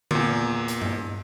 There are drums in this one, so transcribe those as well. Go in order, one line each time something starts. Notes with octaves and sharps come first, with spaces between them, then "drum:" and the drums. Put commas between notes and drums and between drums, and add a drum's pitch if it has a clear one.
E2 A#2, drum: tom D3
drum: hi-hat
drum: tom G2